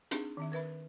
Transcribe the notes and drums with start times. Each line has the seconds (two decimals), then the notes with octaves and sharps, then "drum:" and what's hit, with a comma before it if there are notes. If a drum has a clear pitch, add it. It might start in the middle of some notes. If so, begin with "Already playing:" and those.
0.11 C4 D4 D#4 G#4, drum: hi-hat
0.37 D#3 C4 E5
0.52 A#4 B4 E5 B5